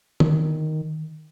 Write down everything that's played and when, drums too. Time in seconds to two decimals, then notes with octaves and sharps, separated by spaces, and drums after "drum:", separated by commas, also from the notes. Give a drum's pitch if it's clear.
0.20 D#3, drum: tom D3